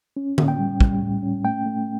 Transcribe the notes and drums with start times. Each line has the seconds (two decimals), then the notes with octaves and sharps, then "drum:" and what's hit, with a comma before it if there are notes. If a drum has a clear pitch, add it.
0.17 C#4
0.38 A2, drum: tom D3
0.48 G5
0.59 G3
0.81 G3, drum: kick
1.02 A2
1.22 C#4
1.44 A3 G5
1.65 A3